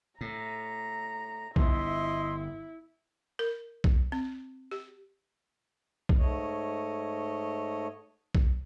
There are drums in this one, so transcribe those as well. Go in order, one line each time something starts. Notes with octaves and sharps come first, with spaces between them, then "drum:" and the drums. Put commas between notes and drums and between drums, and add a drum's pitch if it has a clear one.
A2 A#5
G1 B3 E4 D#5 E5 C6, drum: kick
A#4
drum: kick
C4
G4
drum: kick
G#2 A3 C#5 D#5
drum: kick